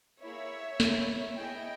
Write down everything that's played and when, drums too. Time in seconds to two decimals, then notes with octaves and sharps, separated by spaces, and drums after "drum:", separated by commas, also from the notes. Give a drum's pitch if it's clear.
0.22 A#3 E4 G#4 C#5 E5
0.80 A#3 E4 G#4, drum: snare
1.37 B3 E4 G#4 D#5 G5